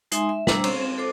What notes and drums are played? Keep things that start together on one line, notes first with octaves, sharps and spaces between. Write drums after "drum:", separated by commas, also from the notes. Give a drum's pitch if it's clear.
G#3 D#4 E5 G#5 C6, drum: hi-hat
E5
G3 D4 C5 A#5 D6 E6, drum: snare
C4 C#4 C5, drum: cymbal
C4
A4 C5 D6